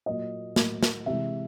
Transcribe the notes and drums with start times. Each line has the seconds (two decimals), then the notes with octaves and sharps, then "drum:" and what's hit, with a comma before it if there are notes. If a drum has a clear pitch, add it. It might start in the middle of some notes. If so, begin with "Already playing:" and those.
0.06 A#2 F#3 A#3 D#5
0.56 A2 F#3 A#3, drum: snare
0.83 drum: snare
1.06 C3 E3 G#3 E5